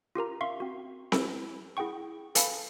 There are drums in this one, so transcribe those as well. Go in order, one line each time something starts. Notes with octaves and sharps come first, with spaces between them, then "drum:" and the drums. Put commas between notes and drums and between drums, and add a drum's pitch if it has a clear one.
F4 G4 A#4 A#5
E5 F5 C6 C#6
C4 F#4
E4 B4 E6, drum: snare C4
E4 G#4 F#5 G5 C#6
A4 B4 F5 G#5 A5 B5, drum: hi-hat